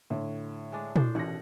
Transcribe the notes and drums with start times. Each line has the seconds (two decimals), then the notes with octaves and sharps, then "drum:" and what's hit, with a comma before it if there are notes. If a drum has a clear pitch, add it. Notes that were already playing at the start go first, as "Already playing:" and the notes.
0.10 A2 D3
0.72 G#3 D4
0.96 A2 D4 C5, drum: tom
1.15 A1 B2 D#3 F#5 A#6